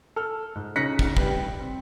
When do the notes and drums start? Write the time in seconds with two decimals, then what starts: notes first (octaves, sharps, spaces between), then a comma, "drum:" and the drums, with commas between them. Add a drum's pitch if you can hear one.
0.16 A4 F6
0.55 G#2
0.76 C#3 D#4 F#6 A#6 B6 C#7
0.99 drum: kick
1.17 G3 B4 G5, drum: kick
1.60 C4